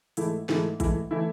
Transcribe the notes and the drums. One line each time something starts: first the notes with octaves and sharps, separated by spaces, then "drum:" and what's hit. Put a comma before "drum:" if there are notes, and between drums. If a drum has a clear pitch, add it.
G#2 E3 A3 E4, drum: hi-hat
G#2 E3 A3 E4, drum: snare
G#2 E3 A3 E4, drum: kick, hi-hat
E3 A3 E4